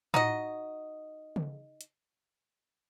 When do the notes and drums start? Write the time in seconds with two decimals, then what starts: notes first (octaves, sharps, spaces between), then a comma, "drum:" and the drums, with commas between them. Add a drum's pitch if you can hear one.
0.14 D#4 F#4 D#5, drum: tom A2
1.36 drum: tom C#3
1.81 drum: hi-hat